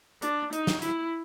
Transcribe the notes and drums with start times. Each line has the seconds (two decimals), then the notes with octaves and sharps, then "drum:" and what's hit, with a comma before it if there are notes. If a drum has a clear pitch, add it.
0.22 D4, drum: hi-hat
0.53 D#4, drum: hi-hat
0.67 drum: snare
0.82 E4, drum: hi-hat